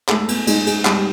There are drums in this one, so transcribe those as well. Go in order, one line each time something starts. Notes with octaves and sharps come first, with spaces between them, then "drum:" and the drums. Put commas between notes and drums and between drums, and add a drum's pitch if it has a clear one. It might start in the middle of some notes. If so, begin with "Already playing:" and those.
G#3 A3, drum: clap
B3, drum: cymbal
G#3 D#4, drum: cymbal
G#3, drum: cymbal
G3 G#3, drum: clap